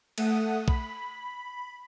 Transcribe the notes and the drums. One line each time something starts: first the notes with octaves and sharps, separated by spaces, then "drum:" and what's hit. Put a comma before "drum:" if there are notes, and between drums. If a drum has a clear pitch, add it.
A3 F#5 D#6, drum: cymbal
B5, drum: kick